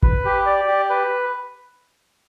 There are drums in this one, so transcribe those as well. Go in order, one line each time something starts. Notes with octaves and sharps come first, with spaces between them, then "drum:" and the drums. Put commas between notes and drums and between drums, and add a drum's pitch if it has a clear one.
B4, drum: kick G#1
G4
D5
G4
B4